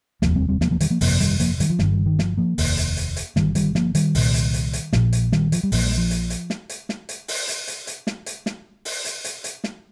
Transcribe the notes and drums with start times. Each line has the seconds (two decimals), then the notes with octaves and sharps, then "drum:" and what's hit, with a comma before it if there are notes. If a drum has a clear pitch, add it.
0.22 F1 D#2 F3 A#3, drum: snare
0.35 G3 C4
0.48 G3 C4
0.61 F3 A#3, drum: snare
0.71 F3 A#3
0.80 D#3 G3, drum: hi-hat
0.90 F3 A#3
1.01 G1 F2 C3 F3 A#3, drum: open hi-hat
1.20 D#3 G3, drum: hi-hat
1.40 F3 A#3, drum: hi-hat
1.60 D#3 G3, drum: hi-hat
1.70 F3
1.79 G1 G2 D#3 G3, drum: snare
1.92 D#3 G3
2.06 D#3
2.19 F3, drum: snare
2.37 F3 A#3
2.58 F1 D#2, drum: open hi-hat
2.77 drum: hi-hat
2.97 drum: hi-hat
3.16 drum: hi-hat
3.36 G1 G2 D#3 G3, drum: snare
3.55 D#3 G3, drum: hi-hat
3.75 F3 A#3, drum: snare
3.95 D#3 G3, drum: hi-hat
4.15 C2 A#2, drum: open hi-hat
4.34 drum: hi-hat
4.54 drum: hi-hat
4.73 drum: hi-hat
4.93 A#1 A#2 F3, drum: snare
5.13 drum: hi-hat
5.32 D#3 G3, drum: snare
5.52 F3, drum: hi-hat
5.63 G3
5.72 A#1 A#2 F3, drum: open hi-hat
5.86 G3
5.98 F3
6.11 drum: hi-hat
6.30 drum: hi-hat
6.50 drum: snare
6.69 drum: hi-hat
6.89 drum: snare
7.09 drum: hi-hat
7.28 drum: open hi-hat
7.48 drum: hi-hat
7.68 drum: hi-hat
7.87 drum: hi-hat
8.07 drum: snare
8.26 drum: hi-hat
8.46 drum: snare
8.85 drum: open hi-hat
9.05 drum: hi-hat
9.24 drum: hi-hat
9.44 drum: hi-hat
9.64 drum: snare